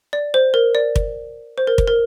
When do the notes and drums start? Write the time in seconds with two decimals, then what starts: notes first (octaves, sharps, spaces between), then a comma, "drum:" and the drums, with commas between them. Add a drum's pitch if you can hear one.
0.13 D5
0.34 C5
0.54 A#4
0.75 D5
0.96 drum: kick
1.58 C5
1.67 A#4
1.78 drum: kick
1.88 A#4